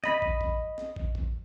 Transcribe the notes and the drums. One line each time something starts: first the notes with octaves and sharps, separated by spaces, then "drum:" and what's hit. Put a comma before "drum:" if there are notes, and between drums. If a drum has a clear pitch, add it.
D#5 B5, drum: snare
drum: kick
drum: kick
drum: snare
drum: kick
drum: kick